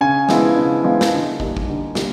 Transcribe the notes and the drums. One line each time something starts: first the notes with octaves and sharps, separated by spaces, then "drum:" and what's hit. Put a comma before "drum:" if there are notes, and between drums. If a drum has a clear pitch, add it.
C#3 G#5
F3 G#3 B3 E4, drum: snare
C#3
F3 G#3 B3 E4
drum: snare
D3
G3 A#3 D#4, drum: kick
drum: kick
D3
G3 A#3, drum: snare